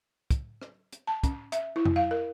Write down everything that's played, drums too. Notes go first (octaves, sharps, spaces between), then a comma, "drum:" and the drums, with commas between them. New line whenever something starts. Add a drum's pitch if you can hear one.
drum: kick, hi-hat
drum: rim click
drum: hi-hat
A5
C#4, drum: kick, hi-hat
E5, drum: hi-hat
E4
drum: tom F2
F5
A#4